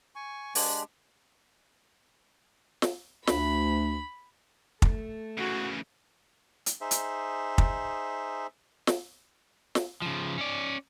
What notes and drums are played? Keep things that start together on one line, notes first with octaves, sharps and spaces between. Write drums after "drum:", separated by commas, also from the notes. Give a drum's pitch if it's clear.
G#5 C#6
G#3 D4 G4, drum: open hi-hat
drum: snare
D2 D4 B5, drum: snare
A3 A4, drum: kick
C#3 E3 F#4
drum: hi-hat
D#4 G#4 C5 E5
drum: hi-hat
drum: kick
drum: snare
drum: snare
C#3 F3
C#4 D5